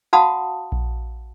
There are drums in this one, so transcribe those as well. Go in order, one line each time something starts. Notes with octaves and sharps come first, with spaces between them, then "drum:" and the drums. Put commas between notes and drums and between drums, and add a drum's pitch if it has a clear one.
F#4 F5 F#5 A5 B5 D#6
drum: kick A#1